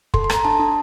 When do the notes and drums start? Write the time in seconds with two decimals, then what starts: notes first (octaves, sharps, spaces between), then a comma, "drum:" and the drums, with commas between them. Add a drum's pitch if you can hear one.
0.14 A4 C6, drum: kick
0.24 C6
0.30 A4 A#5, drum: rim click
0.45 D4 A5
0.60 D4